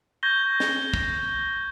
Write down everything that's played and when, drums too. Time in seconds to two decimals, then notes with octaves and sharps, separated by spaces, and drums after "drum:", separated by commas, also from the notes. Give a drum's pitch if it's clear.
0.23 C#6 G6 G#6 A#6 G7
0.60 drum: snare
0.94 drum: kick